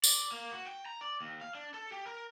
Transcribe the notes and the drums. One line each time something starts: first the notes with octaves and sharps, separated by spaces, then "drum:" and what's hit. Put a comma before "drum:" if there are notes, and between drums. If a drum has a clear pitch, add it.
D5, drum: tambourine
A#3
F#4
G5
A#5
D5
D#2
F5
D4
A4
G4
A#4